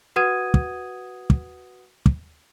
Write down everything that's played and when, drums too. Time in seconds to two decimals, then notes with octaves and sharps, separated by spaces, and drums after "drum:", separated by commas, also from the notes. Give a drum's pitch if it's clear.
0.16 F#4 B4 F#5 D#6 G#6 D#7
0.54 drum: kick
1.30 drum: kick
2.06 drum: kick